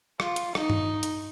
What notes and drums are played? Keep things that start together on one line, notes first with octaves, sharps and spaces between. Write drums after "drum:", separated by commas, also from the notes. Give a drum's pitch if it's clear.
F4, drum: rim click
drum: hi-hat
D#4, drum: rim click
drum: tom G2
drum: hi-hat